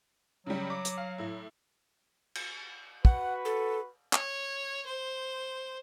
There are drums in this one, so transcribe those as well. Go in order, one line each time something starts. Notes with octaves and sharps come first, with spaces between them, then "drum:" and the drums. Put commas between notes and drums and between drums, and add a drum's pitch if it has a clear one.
C#3 F#3 G3
D6
drum: hi-hat
F5
A2 E4
drum: cymbal
F#4 B4 F#5, drum: kick
A4
C#5, drum: clap
C5